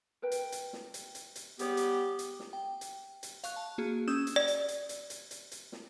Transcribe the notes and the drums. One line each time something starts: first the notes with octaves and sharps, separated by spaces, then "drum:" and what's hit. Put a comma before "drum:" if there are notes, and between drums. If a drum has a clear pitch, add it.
A#4 B4 G5
drum: hi-hat
drum: hi-hat
drum: snare
drum: hi-hat
drum: hi-hat
drum: hi-hat
G3 B3 G4 G#4 C#5, drum: hi-hat
drum: hi-hat
drum: hi-hat
drum: snare
G5
drum: hi-hat
drum: hi-hat
F5 C#6 F#6, drum: hi-hat
A5
A#3 F#4 G#4
C#4 D#6 E6 G6 E7, drum: snare
drum: hi-hat
D5
drum: hi-hat
drum: hi-hat
drum: hi-hat
drum: hi-hat
drum: hi-hat
drum: hi-hat
drum: snare